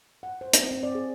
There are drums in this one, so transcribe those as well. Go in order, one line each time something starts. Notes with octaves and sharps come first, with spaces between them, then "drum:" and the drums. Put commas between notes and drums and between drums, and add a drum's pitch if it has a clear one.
F#5
C5
C4, drum: hi-hat
C4
D5
G#4